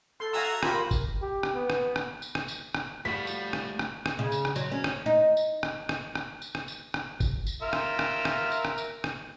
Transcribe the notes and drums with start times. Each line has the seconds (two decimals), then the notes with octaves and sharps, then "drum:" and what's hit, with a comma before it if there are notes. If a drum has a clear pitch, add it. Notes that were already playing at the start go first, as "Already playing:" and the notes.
0.20 A4 C6
0.33 F#4 E5 F5 G#5 A#5 E6
0.63 F4 G4 A#4 C5 G#5 B5, drum: rim click
0.91 drum: kick F1, tambourine
1.22 G4
1.43 drum: rim click
1.55 B3
1.70 drum: rim click
1.96 drum: rim click
2.22 drum: tambourine
2.35 drum: rim click
2.48 drum: tambourine
2.75 drum: rim click
3.05 F3 G3 A3 F#4 B5 B6
3.27 drum: tambourine
3.53 drum: rim click
3.79 drum: rim click
4.06 drum: rim click
4.19 C#3
4.32 drum: tambourine
4.45 drum: rim click
4.56 F#3, drum: tambourine
4.71 C#4
4.84 drum: rim click
5.06 D#4
5.37 drum: tambourine
5.63 drum: rim click
5.89 drum: rim click
6.15 drum: rim click
6.42 drum: tambourine
6.55 drum: rim click
6.68 drum: tambourine
6.94 drum: rim click
7.20 drum: kick F1, tambourine
7.47 drum: tambourine
7.62 F4 A#4 E5
7.73 drum: rim click
7.99 drum: rim click
8.25 drum: rim click
8.52 drum: tambourine
8.65 drum: rim click
8.78 drum: tambourine
9.04 drum: rim click